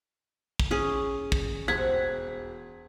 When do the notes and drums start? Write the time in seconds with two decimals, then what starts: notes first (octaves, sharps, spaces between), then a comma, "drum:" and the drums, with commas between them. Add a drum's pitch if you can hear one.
0.60 drum: kick
0.71 C#4 G#4
1.32 drum: kick
1.68 E1 G4 C5 F#5 G#6 B6